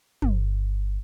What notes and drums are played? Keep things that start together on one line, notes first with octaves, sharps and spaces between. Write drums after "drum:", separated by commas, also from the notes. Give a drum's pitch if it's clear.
G1, drum: tom